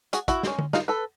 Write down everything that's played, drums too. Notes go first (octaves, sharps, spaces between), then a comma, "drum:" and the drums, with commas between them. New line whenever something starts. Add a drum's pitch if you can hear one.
F#4 G#4, drum: hi-hat
E4 F#4, drum: kick, hi-hat
G#3 C#4, drum: snare
drum: tom
D#4 F4, drum: snare
A4 B4